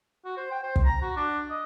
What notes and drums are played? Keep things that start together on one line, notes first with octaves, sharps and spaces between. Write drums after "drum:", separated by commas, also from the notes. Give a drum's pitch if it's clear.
F#4
C5
G5
C5
drum: kick
A#5
F#4
D4
D#5